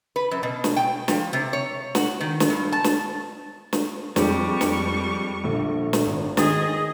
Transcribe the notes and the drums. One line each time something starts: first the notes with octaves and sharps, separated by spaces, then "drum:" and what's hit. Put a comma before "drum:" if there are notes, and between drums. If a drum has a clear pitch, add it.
B4
F#2
B2
drum: snare
G5
F3, drum: snare
C3
C#5
F#4, drum: snare
D#3
drum: snare
G2
A5
drum: snare
drum: snare
F2 G3 G#3 C#6, drum: snare
drum: snare
A#1 D3
drum: snare
G#1
D#3 G#4 D#5 D#6 A6, drum: snare